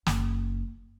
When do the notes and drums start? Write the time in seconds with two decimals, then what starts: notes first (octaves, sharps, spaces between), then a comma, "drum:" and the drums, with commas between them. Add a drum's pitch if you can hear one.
0.06 F#1, drum: snare